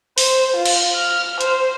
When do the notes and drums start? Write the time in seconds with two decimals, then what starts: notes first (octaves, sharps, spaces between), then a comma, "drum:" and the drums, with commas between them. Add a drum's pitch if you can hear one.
0.18 C5, drum: open hi-hat
0.56 F4
0.65 drum: cymbal
0.95 F6
1.41 C5, drum: hi-hat